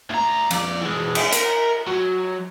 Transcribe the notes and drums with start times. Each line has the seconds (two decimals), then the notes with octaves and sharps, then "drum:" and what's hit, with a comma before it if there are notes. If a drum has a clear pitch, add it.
0.10 D2 A#5
0.51 F2 D5, drum: cymbal
0.81 E3 G#3
1.15 drum: cymbal
1.33 A#4, drum: hi-hat
1.88 F#3